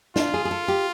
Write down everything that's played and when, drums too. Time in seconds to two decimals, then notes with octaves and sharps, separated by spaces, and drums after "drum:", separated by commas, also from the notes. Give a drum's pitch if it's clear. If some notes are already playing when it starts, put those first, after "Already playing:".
0.16 D4 F4, drum: snare
0.34 G#4
0.45 G#4
0.51 A4
0.68 G4